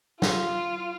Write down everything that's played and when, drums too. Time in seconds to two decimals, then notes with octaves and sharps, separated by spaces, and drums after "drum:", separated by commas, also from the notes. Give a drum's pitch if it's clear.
0.22 F4, drum: snare